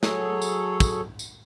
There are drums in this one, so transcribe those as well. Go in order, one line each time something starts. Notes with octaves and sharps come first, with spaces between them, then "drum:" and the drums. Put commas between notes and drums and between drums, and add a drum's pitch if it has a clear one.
F#3 G#4 A4 C#5, drum: snare
drum: tambourine
drum: kick, tambourine
drum: tambourine